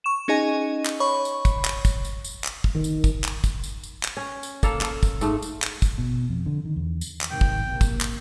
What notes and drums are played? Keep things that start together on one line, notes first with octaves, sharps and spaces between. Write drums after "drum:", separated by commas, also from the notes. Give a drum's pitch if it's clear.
C#6 E7
C#4 D#4 G#4 D#5 G#5
drum: clap
C#5 B5 C#6
drum: tambourine
drum: kick, tambourine
drum: clap
drum: kick, tambourine
drum: tambourine
drum: tambourine
drum: clap
drum: kick
D#3
drum: tambourine
drum: kick, tambourine
drum: clap
drum: kick, tambourine
drum: tambourine
drum: tambourine
drum: clap
C#4
drum: tambourine
A#3 A4 F5, drum: kick, tambourine
A4 F5, drum: clap
drum: kick, tambourine
G#2 A3, drum: tambourine
drum: tambourine
drum: clap
drum: kick, tambourine
B2
F2
D3
D#3
E2
drum: tambourine
drum: clap
G#2 C3 D#3 G5
drum: kick
A#1 C3 A#3
drum: kick, tambourine
drum: clap